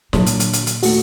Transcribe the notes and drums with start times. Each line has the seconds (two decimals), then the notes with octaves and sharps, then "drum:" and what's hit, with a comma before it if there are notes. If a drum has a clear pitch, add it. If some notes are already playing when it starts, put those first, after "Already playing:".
0.13 A#2 D3 F#3, drum: snare
0.26 drum: hi-hat
0.40 drum: hi-hat
0.53 drum: hi-hat
0.67 drum: hi-hat
0.83 D#2 A3 F#4, drum: open hi-hat